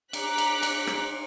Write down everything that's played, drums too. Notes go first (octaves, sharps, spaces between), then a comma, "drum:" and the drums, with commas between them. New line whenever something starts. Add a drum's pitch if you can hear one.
A#5 D6 F#6 B6, drum: cymbal
drum: cymbal
drum: cymbal
drum: rim click